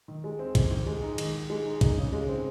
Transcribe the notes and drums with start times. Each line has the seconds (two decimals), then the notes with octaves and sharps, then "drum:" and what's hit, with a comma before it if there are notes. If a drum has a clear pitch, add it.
0.08 D#3
0.24 G#3
0.39 C4
0.55 D#3, drum: kick, cymbal
0.71 D#3
0.87 G#3
1.03 D#4
1.18 D#3, drum: cymbal
1.34 D#3
1.50 G#3
1.65 D#4
1.81 D#4, drum: kick, cymbal
1.97 C#3
2.13 G#3
2.29 C4